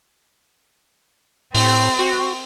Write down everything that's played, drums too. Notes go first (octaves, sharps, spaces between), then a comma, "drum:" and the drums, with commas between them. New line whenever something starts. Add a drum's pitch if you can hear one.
A2 C4, drum: open hi-hat
F#4